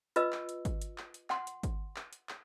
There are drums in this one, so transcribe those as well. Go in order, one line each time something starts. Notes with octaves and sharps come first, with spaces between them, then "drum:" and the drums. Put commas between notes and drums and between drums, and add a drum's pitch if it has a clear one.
F4 B4 D#5 E6, drum: hi-hat
drum: clap
drum: hi-hat
drum: kick G#1, hi-hat
drum: hi-hat
drum: clap
drum: hi-hat
F#5 C6, drum: clap
drum: hi-hat
drum: kick G#1, hi-hat
drum: clap
drum: hi-hat
drum: clap